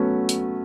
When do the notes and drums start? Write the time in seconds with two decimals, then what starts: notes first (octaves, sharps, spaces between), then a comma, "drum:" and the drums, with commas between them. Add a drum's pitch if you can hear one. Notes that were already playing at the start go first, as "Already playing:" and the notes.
Already playing: F#3 A3 B3 C#4
0.29 drum: hi-hat